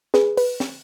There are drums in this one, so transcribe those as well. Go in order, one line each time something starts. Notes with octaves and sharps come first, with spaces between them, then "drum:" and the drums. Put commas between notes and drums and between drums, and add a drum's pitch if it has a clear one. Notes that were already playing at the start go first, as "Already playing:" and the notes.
G#4 B4, drum: snare
B4, drum: open hi-hat
drum: snare